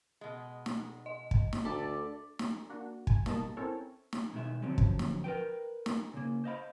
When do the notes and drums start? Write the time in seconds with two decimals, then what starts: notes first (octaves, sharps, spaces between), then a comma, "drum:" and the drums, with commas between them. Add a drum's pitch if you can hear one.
0.21 B2 G#3
0.66 drum: snare
1.06 D#5
1.31 drum: kick
1.53 drum: snare
1.65 D2 A4 D5 D6
2.39 drum: snare
2.70 A#3 D4 F#4
3.07 G#5, drum: kick
3.26 B1 B2 G3 A#3 D#5 A5, drum: snare
3.57 C4 C#4 E4 A4 A#4 C#5
4.13 drum: snare
4.33 B2 D#3 G#3 E5
4.62 D3 F3 F#3 C4 C#4
4.78 drum: kick
4.99 drum: snare
5.24 A#4 B4 G5
5.86 drum: snare
6.13 C#3 A#3
6.44 C5 D#5 F5 B5